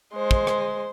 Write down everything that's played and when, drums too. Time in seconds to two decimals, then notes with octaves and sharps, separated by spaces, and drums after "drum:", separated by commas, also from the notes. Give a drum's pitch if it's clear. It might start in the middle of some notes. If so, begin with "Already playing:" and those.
0.14 G#3 C5
0.31 drum: kick
0.47 drum: rim click